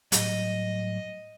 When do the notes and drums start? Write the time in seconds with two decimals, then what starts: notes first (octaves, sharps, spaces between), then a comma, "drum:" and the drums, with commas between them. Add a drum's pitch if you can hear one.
0.12 A2 F#3 G3 D#5, drum: hi-hat